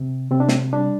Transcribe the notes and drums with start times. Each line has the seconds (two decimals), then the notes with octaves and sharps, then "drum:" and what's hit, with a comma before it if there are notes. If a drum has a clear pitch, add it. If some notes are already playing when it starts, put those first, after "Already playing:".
Already playing: C3
0.31 C3 C4
0.40 D4
0.49 C4, drum: snare
0.73 G3 D4